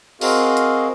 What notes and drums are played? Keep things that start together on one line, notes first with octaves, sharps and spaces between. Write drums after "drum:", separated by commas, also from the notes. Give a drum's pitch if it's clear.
C4 F#4 G#4 A#4 D#5 F5, drum: cymbal
drum: hi-hat